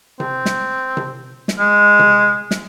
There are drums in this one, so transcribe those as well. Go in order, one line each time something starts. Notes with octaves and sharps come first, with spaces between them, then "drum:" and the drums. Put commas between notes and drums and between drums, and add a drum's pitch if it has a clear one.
C4, drum: tom C3
drum: snare
drum: tom C3
drum: snare
G#3
drum: tom C3
drum: snare